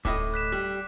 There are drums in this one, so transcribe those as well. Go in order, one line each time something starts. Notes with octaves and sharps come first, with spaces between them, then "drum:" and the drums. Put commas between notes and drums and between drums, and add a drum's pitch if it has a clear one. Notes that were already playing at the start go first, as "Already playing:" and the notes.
A2 E4 D#5 D6, drum: kick D1
F#6 B6 E7
G3